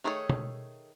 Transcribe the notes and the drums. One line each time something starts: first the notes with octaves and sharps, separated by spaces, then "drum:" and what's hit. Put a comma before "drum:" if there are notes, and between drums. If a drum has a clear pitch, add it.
D#3 A3 G#4 A4 C#5
drum: tom B2